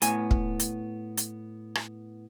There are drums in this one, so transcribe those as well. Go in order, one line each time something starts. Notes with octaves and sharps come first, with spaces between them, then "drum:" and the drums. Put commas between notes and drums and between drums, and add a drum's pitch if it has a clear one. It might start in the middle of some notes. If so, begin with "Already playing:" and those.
A2 B3 G#5, drum: hi-hat
drum: kick
drum: hi-hat
drum: hi-hat
drum: rim click